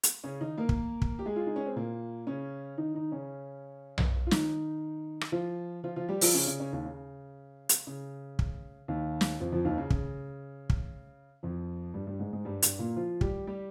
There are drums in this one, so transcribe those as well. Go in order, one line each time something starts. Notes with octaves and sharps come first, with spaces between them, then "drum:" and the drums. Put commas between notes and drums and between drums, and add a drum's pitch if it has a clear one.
drum: hi-hat
C#3 C#4
D#3 D#4
A#3 A#4
drum: kick
drum: kick
G4
G#3 G#4
F4
D#4
C#4
C4
A#2 A#3
C#3 C#4
D#3 D#4
D#3 D#4
C#3 C#4
drum: tom B1
F4
D#3 D#4, drum: snare
drum: rim click
F3 F4
F3 F4
F3 F4
G3 G4
F3 F4, drum: open hi-hat
C#3 C#4
C#3 C#4
C#3 C#4
D#2 D#3
C#3
drum: hi-hat
C#3
drum: kick
D#2 D#3
drum: snare
F2 F3
F2 F3
D#2 D#3
C#3
C#3, drum: kick
drum: kick
F2 F3
G2 G3
G2 G3
G#2 G#3
G#2 G#3
G2 G3
G2 G3, drum: hi-hat
A#2 A#3
F3 F4
G3 G4, drum: kick
G3 G4